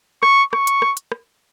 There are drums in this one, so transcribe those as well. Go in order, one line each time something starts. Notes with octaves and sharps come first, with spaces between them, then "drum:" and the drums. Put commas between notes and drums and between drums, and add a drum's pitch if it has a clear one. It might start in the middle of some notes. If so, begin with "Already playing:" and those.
C#6, drum: rim click
C#6, drum: rim click
drum: hi-hat
drum: rim click
drum: hi-hat
drum: rim click